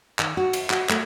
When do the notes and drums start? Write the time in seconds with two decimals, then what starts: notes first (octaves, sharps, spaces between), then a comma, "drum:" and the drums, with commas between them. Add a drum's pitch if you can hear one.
0.19 D#3, drum: clap
0.37 F#4
0.53 drum: cymbal
0.70 F#4, drum: clap
0.89 A3, drum: clap